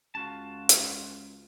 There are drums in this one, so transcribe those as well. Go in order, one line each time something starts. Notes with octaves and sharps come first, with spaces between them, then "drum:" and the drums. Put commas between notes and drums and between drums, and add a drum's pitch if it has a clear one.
C#2 F4 F#4 A5
drum: hi-hat